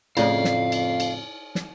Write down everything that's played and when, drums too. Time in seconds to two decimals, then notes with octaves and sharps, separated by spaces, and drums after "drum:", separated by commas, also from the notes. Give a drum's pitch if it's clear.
0.17 F2 A2 C#3 E4 D5 F5, drum: cymbal
0.44 drum: snare
0.72 drum: cymbal
1.00 drum: cymbal
1.55 drum: snare